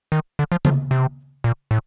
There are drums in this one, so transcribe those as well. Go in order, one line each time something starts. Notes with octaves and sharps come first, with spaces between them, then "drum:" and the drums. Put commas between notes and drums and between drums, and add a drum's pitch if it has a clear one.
D#3
D3
F3
F3, drum: tom C#3
C3
A#2
A2